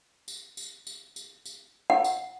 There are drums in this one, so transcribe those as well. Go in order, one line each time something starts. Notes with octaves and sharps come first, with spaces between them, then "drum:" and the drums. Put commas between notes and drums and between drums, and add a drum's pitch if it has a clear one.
drum: tambourine
drum: tambourine
drum: tambourine
drum: tambourine
drum: tambourine
F#5
drum: tambourine